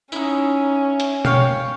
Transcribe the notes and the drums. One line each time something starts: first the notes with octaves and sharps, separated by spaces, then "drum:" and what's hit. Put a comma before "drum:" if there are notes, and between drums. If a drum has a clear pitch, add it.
C#4 D#4 E4, drum: tambourine
drum: hi-hat
C#5 F5 G5, drum: tom B2